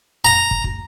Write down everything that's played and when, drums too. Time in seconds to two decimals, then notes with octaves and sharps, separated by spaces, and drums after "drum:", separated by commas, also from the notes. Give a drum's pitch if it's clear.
0.25 A#5
0.51 drum: kick
0.64 drum: kick